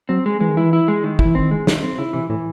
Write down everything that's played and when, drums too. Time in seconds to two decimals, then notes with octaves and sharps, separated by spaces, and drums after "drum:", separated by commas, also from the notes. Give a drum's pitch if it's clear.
0.09 F#3 C4
0.26 G#3
0.40 E3 G#3
0.48 D#3
0.56 E3 E4
0.73 E4
0.88 G#3
1.04 D#3
1.19 E4, drum: kick
1.25 E3
1.35 D#3 C4
1.51 G#3
1.67 D#3, drum: snare
1.83 C4
1.98 C#3 E4
2.13 C3 E3
2.29 A2 E3